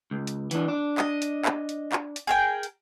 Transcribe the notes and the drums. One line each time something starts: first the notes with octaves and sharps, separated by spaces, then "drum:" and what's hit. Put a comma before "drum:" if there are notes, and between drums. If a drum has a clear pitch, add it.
C#2
drum: hi-hat
E3 D4, drum: hi-hat
D4
D#5, drum: clap
drum: hi-hat
drum: clap
drum: hi-hat
drum: clap
drum: hi-hat
G#4 A#4 G5
drum: hi-hat